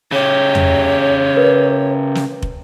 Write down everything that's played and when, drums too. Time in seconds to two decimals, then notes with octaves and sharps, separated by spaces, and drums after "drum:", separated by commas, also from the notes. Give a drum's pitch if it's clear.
0.12 C#3 G4 C#5
0.55 drum: tom E2
1.37 A#4 B4
2.15 drum: snare
2.42 drum: kick